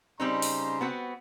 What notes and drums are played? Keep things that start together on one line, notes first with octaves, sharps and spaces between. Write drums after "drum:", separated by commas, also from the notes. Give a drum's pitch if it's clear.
C#3 G3 C4 D#4 A#5 C6
drum: open hi-hat
B3 C4 F#4